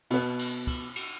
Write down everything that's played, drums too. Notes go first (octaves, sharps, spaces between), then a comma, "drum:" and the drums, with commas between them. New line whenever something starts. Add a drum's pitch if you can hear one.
B2 B3, drum: cymbal
drum: cymbal
drum: kick, cymbal
drum: cymbal